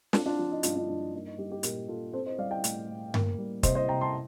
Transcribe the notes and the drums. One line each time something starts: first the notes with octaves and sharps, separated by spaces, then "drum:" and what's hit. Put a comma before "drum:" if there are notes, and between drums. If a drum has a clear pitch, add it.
C4 D4 F4, drum: snare
D4 F4
F3
D#4
G2 D4 F4, drum: hi-hat
D4 F4
G2 D4
A#3 D#4
D#4
G3 D#4 G4
D#4 G4
A#2 G4 A#4, drum: hi-hat
A#2 F4 A4
C4 A4 C5
C5 D#5
G3 D5 F5
D#5 G5
A2, drum: hi-hat
A2
A#3, drum: tom G2
G3
C3 C5 D#5, drum: kick, hi-hat
C5 D#5
C3 G5 A#5
A5 C6